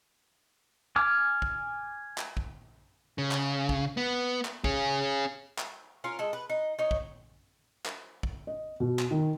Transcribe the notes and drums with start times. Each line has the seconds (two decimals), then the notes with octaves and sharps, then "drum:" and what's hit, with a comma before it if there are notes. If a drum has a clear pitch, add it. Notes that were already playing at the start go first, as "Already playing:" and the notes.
0.96 G#5 D6 F6
1.42 drum: kick
2.18 drum: clap
2.37 drum: kick
3.18 C#3
3.31 drum: clap
3.69 drum: kick
3.97 B3
4.45 drum: clap
4.64 C#4 G#4, drum: kick
5.58 drum: clap
6.04 C#4 F4 A#4
6.19 G#3 A4
6.33 B4
6.50 D#4
6.79 D#4 C#5
6.91 drum: kick
7.86 drum: clap
8.23 drum: kick
8.47 D#5
8.80 B2
8.99 drum: clap
9.11 D#3